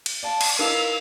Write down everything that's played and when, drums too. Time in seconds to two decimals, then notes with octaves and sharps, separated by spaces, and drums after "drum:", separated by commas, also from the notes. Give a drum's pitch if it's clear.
0.06 drum: cymbal
0.23 D5 F5 A5
0.41 drum: cymbal
0.59 D#4 E4 A#4 B4 F5 E6